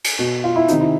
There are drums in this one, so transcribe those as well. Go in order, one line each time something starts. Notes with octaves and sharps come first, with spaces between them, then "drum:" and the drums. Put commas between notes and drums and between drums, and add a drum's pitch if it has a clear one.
drum: cymbal
B2
F4
E4
C3 D#3 D#4, drum: hi-hat
E4